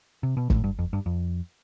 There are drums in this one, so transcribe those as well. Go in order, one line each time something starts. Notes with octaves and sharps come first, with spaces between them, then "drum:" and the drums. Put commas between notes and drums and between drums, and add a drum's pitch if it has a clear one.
C3
B2
A2, drum: kick
G2
F2
G2
F2